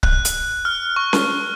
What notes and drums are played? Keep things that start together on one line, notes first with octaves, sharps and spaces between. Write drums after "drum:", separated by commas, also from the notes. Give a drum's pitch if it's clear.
F#6, drum: kick C#1
drum: hi-hat
F6
C#6
drum: snare C#4